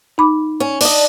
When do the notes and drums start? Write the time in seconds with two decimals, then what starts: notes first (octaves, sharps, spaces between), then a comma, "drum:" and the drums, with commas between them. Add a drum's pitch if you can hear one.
0.18 D#4 B5 D6
0.60 C#4
0.81 D4 D#5, drum: open hi-hat